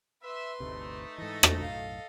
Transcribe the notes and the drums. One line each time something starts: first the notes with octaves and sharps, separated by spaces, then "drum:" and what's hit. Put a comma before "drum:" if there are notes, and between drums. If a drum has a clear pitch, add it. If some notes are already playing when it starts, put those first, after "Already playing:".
B4 E5 C6
G1 D2 C3 A3 D#4
G#2 E3 A4 D#5
drum: rim click
B1 F#2 A2 F5